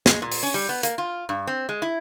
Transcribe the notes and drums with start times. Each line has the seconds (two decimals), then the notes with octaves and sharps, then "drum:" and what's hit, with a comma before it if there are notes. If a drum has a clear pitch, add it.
0.06 G#3, drum: snare
0.22 A#2
0.32 drum: open hi-hat
0.43 C#4
0.54 G3
0.69 B3
0.83 A#3, drum: hi-hat
0.98 F4
1.29 G2
1.47 C4
1.69 G#3
1.82 E4